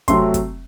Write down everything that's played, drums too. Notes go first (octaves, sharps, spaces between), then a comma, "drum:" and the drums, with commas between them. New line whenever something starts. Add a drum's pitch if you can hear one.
C3 F#3 A3 C4 C6, drum: kick, hi-hat
drum: kick, hi-hat